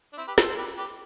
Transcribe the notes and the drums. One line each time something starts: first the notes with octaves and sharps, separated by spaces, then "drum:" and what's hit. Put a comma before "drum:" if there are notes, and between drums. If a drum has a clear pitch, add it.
D4
C4 E4
G4 B4
A4 C5, drum: snare
A4 C5
G4 B4
G4 B4